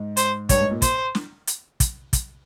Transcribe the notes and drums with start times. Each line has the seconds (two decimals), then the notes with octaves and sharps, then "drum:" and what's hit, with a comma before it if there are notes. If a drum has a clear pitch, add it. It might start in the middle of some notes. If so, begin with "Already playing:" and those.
Already playing: G#2
0.17 C5, drum: hi-hat
0.49 G2 C#5, drum: kick, hi-hat
0.61 G#2
0.71 A#2
0.82 C5, drum: kick, hi-hat
1.15 drum: snare
1.47 drum: hi-hat
1.80 drum: kick, hi-hat
2.13 drum: kick, hi-hat